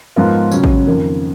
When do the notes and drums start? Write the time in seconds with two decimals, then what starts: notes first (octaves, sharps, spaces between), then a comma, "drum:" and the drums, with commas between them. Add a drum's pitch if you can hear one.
0.16 G#2 F3 B3 F4 A#4
0.51 C#3 F#3 C#4, drum: tambourine
0.64 drum: kick A1
0.87 F2 D#3 A#3